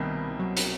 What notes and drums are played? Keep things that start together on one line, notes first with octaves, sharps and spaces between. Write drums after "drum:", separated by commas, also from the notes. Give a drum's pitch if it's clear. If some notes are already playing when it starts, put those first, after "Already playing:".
Already playing: C2 B2 D#3 G3 A#3
F#3
drum: hi-hat